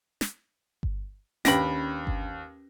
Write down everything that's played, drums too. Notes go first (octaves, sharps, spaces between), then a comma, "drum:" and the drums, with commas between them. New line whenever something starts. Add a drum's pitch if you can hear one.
drum: snare
drum: kick G1
D#2 C#4 D4 B4 G5 B5 A#6, drum: snare
drum: kick G1